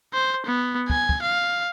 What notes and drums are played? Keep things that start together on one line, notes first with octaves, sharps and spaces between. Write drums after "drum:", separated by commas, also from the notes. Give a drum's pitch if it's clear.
C5
B3
G#5, drum: kick
drum: kick
F5